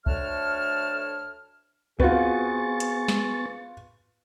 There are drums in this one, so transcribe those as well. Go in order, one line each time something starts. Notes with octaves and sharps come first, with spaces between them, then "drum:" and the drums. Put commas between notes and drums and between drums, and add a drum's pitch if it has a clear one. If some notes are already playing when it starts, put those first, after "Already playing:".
D2 A3 D4 C#5 A5 F6, drum: kick C2
B3 C4 F4 F#4 G#4 B4 C#6 A6, drum: kick C2
drum: hi-hat
drum: snare